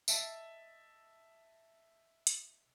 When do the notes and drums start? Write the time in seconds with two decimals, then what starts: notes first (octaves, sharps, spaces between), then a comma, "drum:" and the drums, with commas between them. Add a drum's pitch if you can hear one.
0.08 D#5 E5 A5, drum: tambourine
2.27 drum: hi-hat